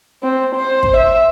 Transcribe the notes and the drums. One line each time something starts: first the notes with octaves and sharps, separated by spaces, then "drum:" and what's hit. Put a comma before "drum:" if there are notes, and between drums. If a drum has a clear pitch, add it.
C4
C5
drum: kick
E5